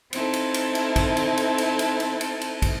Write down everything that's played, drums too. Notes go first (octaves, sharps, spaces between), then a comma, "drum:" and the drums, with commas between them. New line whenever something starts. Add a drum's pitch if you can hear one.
C4 D#4 E4 A4, drum: cymbal
drum: cymbal
drum: cymbal
drum: cymbal
drum: kick, cymbal
drum: cymbal
drum: cymbal
drum: cymbal
drum: cymbal
drum: cymbal
drum: cymbal
drum: cymbal
drum: kick, cymbal